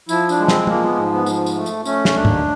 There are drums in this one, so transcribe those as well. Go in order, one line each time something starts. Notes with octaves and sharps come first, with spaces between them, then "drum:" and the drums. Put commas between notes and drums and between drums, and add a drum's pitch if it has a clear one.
F3 E4, drum: tambourine
D4, drum: tambourine
G#3
C4, drum: snare
F3 A#3, drum: tom
B3
G#2
B3
F3, drum: tambourine
drum: tambourine
A3
drum: tambourine
A3 C#4, drum: tambourine
drum: snare
D#2 D4
drum: tom